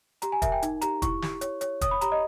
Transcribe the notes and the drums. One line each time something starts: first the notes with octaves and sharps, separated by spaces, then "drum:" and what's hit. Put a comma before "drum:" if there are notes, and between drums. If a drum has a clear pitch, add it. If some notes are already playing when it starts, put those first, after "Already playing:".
G4 A#5, drum: hi-hat
G#5
A#4 E5, drum: kick, hi-hat
G5
D#4, drum: hi-hat
G4 A#5, drum: hi-hat
E4 C#6, drum: kick, hi-hat
G4, drum: snare
C#5, drum: hi-hat
C#5, drum: hi-hat
C#5 D#6, drum: kick, hi-hat
B5
G4 A#5, drum: hi-hat
D#5